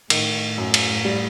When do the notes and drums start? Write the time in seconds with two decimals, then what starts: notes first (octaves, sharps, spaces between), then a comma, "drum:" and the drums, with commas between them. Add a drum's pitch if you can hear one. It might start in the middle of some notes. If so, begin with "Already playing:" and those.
0.10 A2 D#3, drum: cymbal
0.58 F#2
0.74 drum: cymbal
1.05 G3